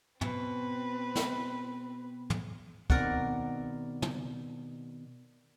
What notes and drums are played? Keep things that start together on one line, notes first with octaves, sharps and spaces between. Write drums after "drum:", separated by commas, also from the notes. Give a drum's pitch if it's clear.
B2 C4 B4, drum: tom
drum: snare
drum: tom
B2 D#3 C4 A#4 D5 F#5, drum: kick
drum: tom